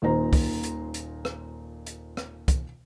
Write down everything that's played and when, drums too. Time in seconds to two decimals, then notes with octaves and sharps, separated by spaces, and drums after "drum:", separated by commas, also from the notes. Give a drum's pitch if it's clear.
0.02 D#1 A#2 D#3 C5 A#5
0.33 drum: kick, open hi-hat
0.63 drum: hi-hat
0.94 drum: hi-hat
1.25 drum: rim click
1.87 drum: hi-hat
2.17 drum: rim click
2.48 drum: kick, hi-hat